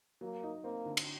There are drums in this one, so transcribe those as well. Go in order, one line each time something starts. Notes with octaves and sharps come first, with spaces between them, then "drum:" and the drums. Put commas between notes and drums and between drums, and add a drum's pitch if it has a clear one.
F#3 A#3
D#4
A#3 C4
D3
drum: cymbal